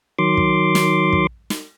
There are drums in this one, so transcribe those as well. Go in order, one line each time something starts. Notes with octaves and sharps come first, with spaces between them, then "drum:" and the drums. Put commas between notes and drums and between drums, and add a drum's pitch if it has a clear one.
D#3 F#3 C6 D6
drum: kick
drum: snare
drum: kick
drum: snare